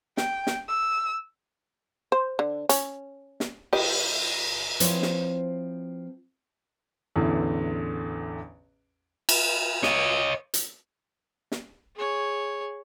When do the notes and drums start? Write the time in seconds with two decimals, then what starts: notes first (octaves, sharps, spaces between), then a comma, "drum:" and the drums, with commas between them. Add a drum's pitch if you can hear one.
0.17 G5, drum: snare
0.47 drum: snare
0.68 E6
2.12 C5
2.39 D3
2.69 C#4, drum: hi-hat
3.40 drum: snare
3.73 G4 D#5, drum: cymbal
4.80 F3 C4 E4 B4 C#5, drum: hi-hat
5.02 drum: snare
7.16 A1 E2 D3 E3
9.29 drum: cymbal
9.83 C#5 D#5, drum: snare
10.54 drum: hi-hat
11.52 drum: snare
11.96 G#4 C#5